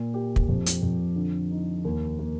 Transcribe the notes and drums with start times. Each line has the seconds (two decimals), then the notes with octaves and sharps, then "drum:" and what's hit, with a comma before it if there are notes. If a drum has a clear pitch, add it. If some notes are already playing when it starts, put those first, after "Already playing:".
Already playing: A#2
0.14 G4
0.36 drum: kick
0.49 F2
0.66 drum: hi-hat
0.82 F2
1.16 D3
1.51 D#4
1.85 D#2
2.19 A#3